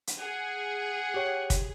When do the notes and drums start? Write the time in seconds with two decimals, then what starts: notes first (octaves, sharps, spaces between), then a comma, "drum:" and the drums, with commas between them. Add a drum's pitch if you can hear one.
0.07 drum: hi-hat
0.20 G#4 F#5
1.14 G4 C#5 G5
1.50 drum: kick, hi-hat